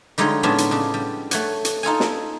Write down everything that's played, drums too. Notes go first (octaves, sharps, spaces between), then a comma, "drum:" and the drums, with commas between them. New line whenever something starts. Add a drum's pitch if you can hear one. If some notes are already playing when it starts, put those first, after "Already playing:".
D3 G3 G#3 D#4 F4 C#5
A2 G#3 B3 C#4 D4 A5
drum: hi-hat
C#3 D4
G3
A3 C#5 F#5, drum: hi-hat
drum: hi-hat
D#4 F4 A4 G#5
drum: snare